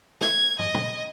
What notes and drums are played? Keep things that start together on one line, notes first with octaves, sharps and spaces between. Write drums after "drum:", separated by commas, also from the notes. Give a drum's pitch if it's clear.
G#6, drum: snare
D#5, drum: tom
drum: tom